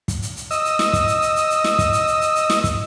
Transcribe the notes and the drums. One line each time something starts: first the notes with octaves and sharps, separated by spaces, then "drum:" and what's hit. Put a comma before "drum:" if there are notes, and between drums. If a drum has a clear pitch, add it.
drum: kick, hi-hat
drum: hi-hat
drum: hi-hat
D#5 E6, drum: hi-hat
drum: hi-hat
drum: snare
drum: kick, hi-hat
drum: hi-hat
drum: hi-hat
drum: hi-hat
drum: hi-hat
drum: snare
drum: kick, hi-hat
drum: hi-hat
drum: hi-hat
drum: hi-hat
drum: hi-hat
drum: snare
drum: kick, hi-hat